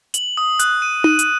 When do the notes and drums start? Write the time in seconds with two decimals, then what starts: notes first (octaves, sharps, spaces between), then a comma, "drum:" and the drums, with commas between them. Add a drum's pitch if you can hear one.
0.14 F#7, drum: hi-hat
0.37 D#6
0.59 F#6, drum: hi-hat
0.82 D#7
1.04 D#7, drum: tom D#4
1.19 drum: hi-hat